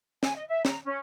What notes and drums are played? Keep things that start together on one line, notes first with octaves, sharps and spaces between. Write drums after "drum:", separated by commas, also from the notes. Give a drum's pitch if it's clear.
G#5, drum: snare
D#5
E5
A#5, drum: snare
C#4